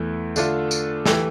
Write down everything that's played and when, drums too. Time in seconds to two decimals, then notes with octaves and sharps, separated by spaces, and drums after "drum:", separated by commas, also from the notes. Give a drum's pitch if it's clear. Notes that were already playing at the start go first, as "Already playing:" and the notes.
Already playing: E2 E3 A3 E4
0.36 D3 A3 D4 F4, drum: tambourine
0.71 drum: tambourine
1.06 E3 A3 E4 G4, drum: snare